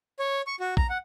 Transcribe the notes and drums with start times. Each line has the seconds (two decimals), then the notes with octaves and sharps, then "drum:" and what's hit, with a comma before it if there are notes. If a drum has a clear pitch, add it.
0.20 C#5
0.47 C#6
0.60 F#4
0.77 A#5, drum: kick
0.90 F#5